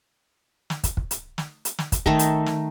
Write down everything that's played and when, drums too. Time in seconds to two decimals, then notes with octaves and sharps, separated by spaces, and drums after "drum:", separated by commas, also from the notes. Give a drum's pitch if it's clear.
0.70 drum: snare
0.84 drum: kick, hi-hat
0.97 drum: kick
1.11 drum: hi-hat
1.38 drum: snare
1.65 drum: hi-hat
1.79 drum: snare
1.92 drum: kick, hi-hat
2.06 D#3 A3 D#4 A4, drum: kick
2.19 drum: hi-hat
2.46 drum: snare